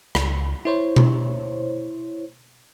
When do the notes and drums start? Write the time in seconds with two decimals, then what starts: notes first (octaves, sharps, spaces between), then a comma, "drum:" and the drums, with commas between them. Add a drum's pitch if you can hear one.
0.15 C#2, drum: rim click
0.65 E4 C5 C#5
0.96 drum: tom B2